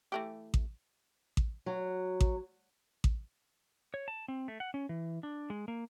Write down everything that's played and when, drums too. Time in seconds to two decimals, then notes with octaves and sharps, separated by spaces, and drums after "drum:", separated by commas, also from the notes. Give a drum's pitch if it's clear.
0.12 E3 A3 G4
0.54 drum: kick A1
1.37 drum: kick A1
1.66 F#3
2.21 drum: kick A1
3.04 drum: kick A1
3.94 C#5
4.08 A5
4.28 C4
4.48 A3
4.60 F#5
4.74 C#4
4.89 E3
5.23 D4
5.50 G#3
5.68 A#3